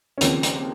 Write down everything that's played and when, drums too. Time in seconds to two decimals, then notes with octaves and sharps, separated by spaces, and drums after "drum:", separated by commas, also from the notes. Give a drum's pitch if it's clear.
0.18 C#4
0.21 D#2 C#3 F3 A#3 C4, drum: hi-hat
0.43 drum: hi-hat